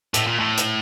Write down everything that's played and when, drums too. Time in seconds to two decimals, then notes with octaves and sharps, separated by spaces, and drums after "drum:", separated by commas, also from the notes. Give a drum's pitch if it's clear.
0.14 A2, drum: hi-hat
0.27 A#2
0.39 A2
0.57 drum: hi-hat